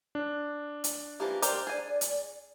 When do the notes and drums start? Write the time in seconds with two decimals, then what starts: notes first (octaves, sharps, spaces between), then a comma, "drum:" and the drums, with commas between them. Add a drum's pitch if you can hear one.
0.15 D4
0.84 drum: hi-hat
1.20 E3 F3 A#3 G4
1.42 G4 A#4 C5 D5, drum: hi-hat
1.67 G#4 G#5
2.01 drum: hi-hat